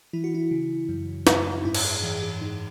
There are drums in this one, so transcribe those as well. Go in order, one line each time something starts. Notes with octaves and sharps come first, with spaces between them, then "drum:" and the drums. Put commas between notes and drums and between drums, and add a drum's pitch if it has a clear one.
E3 E4
F#4
E4
C#3
F#2
F#2, drum: snare
G#2 E4
drum: cymbal
G#4
E3 G#4
G#4
G#2 D#4